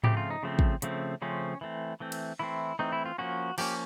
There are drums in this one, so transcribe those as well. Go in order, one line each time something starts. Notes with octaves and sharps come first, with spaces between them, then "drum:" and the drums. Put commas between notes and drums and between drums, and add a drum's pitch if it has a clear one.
C#3 F3 A3 C4 G4, drum: tom G#2
F4
D#4
C#3 F3 A3 C4
drum: kick
C#3 F3 A3 C4, drum: hi-hat
C#3 F3 A3 C4 C#4
E3 A3 C4
E3 A3 C4
drum: cymbal
E3 A3 C4 E4
E3 A3 C4 D#4
E4
F4
F3 A#3 C#4 F#4
F3 A#3 C#4 G4, drum: cymbal